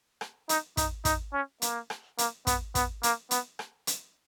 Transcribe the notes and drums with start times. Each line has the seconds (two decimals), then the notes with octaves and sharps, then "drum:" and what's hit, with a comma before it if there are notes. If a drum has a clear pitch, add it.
0.21 drum: rim click
0.49 D#4, drum: hi-hat
0.77 D#4, drum: kick, hi-hat
1.05 D#4, drum: kick, hi-hat
1.33 C#4
1.62 A#3, drum: hi-hat
1.90 drum: rim click
2.18 A#3, drum: hi-hat
2.47 B3, drum: kick, hi-hat
2.75 B3, drum: kick, hi-hat
3.03 A#3, drum: hi-hat
3.31 B3, drum: hi-hat
3.59 drum: rim click
3.87 drum: hi-hat